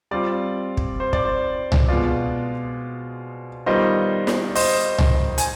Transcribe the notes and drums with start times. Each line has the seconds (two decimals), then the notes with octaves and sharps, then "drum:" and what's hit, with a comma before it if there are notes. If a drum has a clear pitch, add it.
0.11 G3 C4 F4 D5
0.77 drum: kick
1.00 C5
1.13 D5, drum: kick
1.25 C5
1.72 drum: tom C2
1.89 B2 G#3 B3 F4 D5
3.66 D#3 G3 B3 F4 C5 D#5
4.27 drum: snare
4.55 C5 D#5, drum: open hi-hat
4.98 drum: tom C2
5.38 G#5, drum: hi-hat